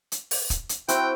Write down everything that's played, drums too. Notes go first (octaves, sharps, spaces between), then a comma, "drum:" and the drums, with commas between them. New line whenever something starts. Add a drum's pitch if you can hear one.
drum: hi-hat
drum: open hi-hat
drum: kick, hi-hat
drum: hi-hat
C4 E4 F#4 G5, drum: hi-hat